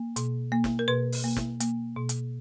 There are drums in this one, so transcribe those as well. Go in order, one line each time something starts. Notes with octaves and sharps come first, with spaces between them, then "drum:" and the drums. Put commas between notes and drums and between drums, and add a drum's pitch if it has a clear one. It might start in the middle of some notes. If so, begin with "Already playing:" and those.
Already playing: A#3
B2, drum: hi-hat
A#3
drum: snare
A#4
B2 B4
drum: open hi-hat
A#3
drum: snare
A#3, drum: hi-hat
B2
drum: hi-hat